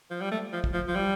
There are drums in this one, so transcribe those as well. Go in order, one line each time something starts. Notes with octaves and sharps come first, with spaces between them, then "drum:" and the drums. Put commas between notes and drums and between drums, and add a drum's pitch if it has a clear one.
F3
G3
A3
F3
drum: kick
F3
F3
G3